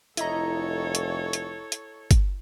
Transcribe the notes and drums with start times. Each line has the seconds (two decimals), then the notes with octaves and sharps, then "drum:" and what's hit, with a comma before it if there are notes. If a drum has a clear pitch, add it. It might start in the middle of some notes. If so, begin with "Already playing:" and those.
0.17 F1 E4 A4 C#5 D#5 A#5, drum: hi-hat
0.95 drum: hi-hat
1.33 drum: hi-hat
1.72 drum: hi-hat
2.11 drum: kick, hi-hat